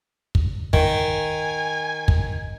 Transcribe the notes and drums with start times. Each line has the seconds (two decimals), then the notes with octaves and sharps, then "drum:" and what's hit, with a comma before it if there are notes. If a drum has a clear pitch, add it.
0.35 drum: kick
0.73 D#3 G#5, drum: kick
2.08 drum: kick